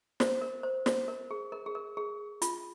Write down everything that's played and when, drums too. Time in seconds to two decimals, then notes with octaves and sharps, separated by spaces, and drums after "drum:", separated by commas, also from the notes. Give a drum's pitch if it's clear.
0.20 C5, drum: snare
0.41 A#4
0.63 C5
0.86 C5, drum: snare
1.08 A#4
1.31 G#4
1.52 A#4
1.66 G#4
1.75 A#4
1.97 G#4
2.42 F4, drum: hi-hat